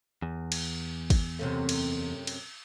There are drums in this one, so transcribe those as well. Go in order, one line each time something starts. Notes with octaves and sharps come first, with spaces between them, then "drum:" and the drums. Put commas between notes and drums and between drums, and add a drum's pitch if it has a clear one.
E2
drum: cymbal
drum: kick, cymbal
F#2 C3 A3
drum: cymbal
drum: cymbal